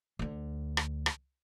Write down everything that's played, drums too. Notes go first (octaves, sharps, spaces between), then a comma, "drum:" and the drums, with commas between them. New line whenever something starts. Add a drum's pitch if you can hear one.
D2 D3
drum: rim click
drum: rim click